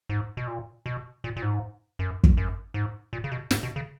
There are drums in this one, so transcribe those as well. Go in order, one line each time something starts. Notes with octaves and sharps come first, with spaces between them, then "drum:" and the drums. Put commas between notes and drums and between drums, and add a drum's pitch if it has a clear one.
G#2
B2
A#2
B2
A#2
A#2
G#2
F#2
drum: kick
F#2
G#2
A#2
C#3
B2
G#2, drum: snare
B2
C#3